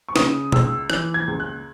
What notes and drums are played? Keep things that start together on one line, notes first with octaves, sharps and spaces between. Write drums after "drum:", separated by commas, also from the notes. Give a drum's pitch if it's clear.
C#6
C#3 D#6, drum: snare
C#2 E6, drum: tom
E3 F#6, drum: rim click
G#6
C#2
F#6